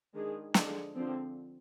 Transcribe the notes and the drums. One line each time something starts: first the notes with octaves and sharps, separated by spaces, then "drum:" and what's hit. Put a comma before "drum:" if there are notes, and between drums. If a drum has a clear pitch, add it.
D#3 G#3 D4 G#4
D3 F3 G#3 D4 G#4, drum: snare
D3 F3 C4